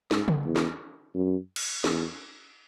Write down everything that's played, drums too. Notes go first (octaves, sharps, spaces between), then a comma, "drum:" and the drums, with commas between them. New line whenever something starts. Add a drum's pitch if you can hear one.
G#2, drum: snare
drum: tom C#3
E2
drum: snare
F#2
drum: cymbal
E2, drum: snare